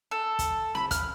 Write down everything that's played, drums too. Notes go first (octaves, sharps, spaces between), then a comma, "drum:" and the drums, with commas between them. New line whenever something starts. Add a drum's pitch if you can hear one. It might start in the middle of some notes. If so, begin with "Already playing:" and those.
A4
drum: kick, hi-hat
B5, drum: snare C4
F6, drum: kick, hi-hat